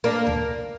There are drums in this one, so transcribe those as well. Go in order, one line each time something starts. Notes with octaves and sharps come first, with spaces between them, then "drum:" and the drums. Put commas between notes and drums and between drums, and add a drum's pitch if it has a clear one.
A#3 D4
drum: tom D2